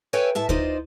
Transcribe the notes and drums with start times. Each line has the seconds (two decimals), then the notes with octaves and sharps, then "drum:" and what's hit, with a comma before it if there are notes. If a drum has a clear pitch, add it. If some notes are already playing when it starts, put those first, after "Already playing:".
0.13 A4 B4 C#5 E5 G5 G#5
0.35 A2 E5 A5
0.49 D#4 F4 C5 D5 D#5, drum: kick D2